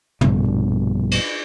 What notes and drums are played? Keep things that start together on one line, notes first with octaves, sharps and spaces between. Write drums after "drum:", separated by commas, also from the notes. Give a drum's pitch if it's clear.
A#1 G2 B2 D3, drum: tom
drum: cymbal